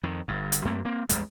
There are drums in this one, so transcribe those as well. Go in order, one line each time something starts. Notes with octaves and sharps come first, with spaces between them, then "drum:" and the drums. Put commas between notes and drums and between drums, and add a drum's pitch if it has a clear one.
F2 D#3
G1 G2
drum: hi-hat
F#2 A3 A#3 C4
A#3 C4
A1 E2 G3 G#3, drum: hi-hat